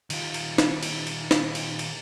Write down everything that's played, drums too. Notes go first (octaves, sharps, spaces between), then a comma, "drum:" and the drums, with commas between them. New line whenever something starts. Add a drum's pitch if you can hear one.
D#3 F4, drum: cymbal
drum: cymbal
drum: snare
drum: cymbal
drum: cymbal
drum: snare
drum: cymbal
drum: cymbal